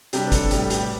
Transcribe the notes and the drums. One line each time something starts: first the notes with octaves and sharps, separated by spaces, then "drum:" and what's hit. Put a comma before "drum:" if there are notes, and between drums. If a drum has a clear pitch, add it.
C3 G3 D4 G4, drum: hi-hat
B4
A4, drum: kick, hi-hat
A2 G3 B3 G4, drum: hi-hat
G4, drum: hi-hat